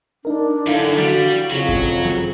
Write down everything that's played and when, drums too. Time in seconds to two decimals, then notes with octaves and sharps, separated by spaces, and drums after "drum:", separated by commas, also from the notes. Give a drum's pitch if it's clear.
0.25 D4 D#4 A#4
0.67 F#2 D3 E4 F5 B6
0.98 G3 F#4, drum: snare
1.50 F2 C#3 F#3
1.69 drum: kick F#2
2.05 drum: snare